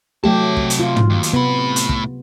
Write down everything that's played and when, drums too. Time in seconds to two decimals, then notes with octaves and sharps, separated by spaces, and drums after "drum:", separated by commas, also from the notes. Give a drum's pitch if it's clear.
0.24 C3 F#3 A3 G4 A5
0.57 drum: kick
0.70 drum: hi-hat
0.80 F4
0.96 drum: tom
1.10 D#2
1.23 drum: hi-hat
1.33 A2 C3 B3 B5
1.76 drum: hi-hat
1.89 drum: kick